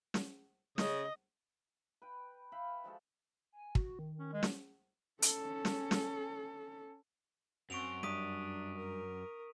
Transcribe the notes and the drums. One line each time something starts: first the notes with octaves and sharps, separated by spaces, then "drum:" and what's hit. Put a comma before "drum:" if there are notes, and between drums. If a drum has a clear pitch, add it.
drum: snare
C#3 D#5, drum: snare
B4 G5
E5 F5 G5 B5
F3 G#3 F#4 A4
G#5
F#4, drum: kick
D#3
C#4
G#3
drum: snare
C#4 A4, drum: hi-hat
drum: snare
drum: snare
F#2 C4 F#5 C#6 D7 F7
G2 D4 D#6 B6 D#7
A#4